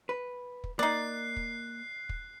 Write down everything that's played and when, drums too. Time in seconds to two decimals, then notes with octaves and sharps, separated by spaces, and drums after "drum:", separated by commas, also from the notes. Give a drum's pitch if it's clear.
0.09 B4
0.64 drum: kick
0.79 A#3 D#4 D5 F#6 C7
1.37 drum: kick
2.09 drum: kick